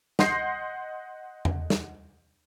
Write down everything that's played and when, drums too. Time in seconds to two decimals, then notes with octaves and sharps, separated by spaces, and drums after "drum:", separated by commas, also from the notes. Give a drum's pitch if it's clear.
0.19 D#5 F#5 C6 G6 A#6 C7, drum: snare
1.45 drum: tom E2
1.70 drum: snare